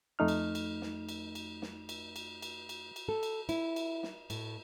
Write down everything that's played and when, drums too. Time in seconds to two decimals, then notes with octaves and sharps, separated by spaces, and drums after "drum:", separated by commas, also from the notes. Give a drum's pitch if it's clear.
0.19 F2 A3 D#4 F6
0.28 drum: cymbal
0.55 drum: cymbal
0.82 drum: snare
1.09 drum: cymbal
1.35 drum: cymbal
1.62 drum: snare
1.89 drum: cymbal
2.16 drum: cymbal
2.42 drum: cymbal
2.69 drum: cymbal
2.96 drum: cymbal
3.09 A4
3.23 drum: cymbal
3.49 E4, drum: cymbal
3.76 drum: cymbal
4.03 drum: snare
4.30 A2, drum: cymbal